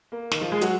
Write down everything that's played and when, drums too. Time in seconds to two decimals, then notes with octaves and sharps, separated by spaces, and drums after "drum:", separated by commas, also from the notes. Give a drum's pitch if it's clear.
0.12 A#3
0.31 D#3 D#4, drum: snare
0.41 F3 F4
0.52 G#3 G#4
0.61 F#3 F#4, drum: hi-hat